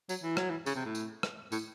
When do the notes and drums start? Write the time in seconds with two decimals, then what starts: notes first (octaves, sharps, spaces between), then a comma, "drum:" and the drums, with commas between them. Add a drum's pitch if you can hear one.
0.09 F#3, drum: tambourine
0.23 E3
0.37 F#3, drum: rim click
0.50 E3
0.66 C#3, drum: tambourine
0.75 C3
0.85 A2
0.95 drum: tambourine
1.23 drum: rim click
1.52 A2, drum: tambourine